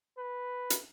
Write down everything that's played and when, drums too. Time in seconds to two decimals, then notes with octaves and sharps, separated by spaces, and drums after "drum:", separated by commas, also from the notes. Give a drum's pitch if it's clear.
0.17 B4
0.70 drum: hi-hat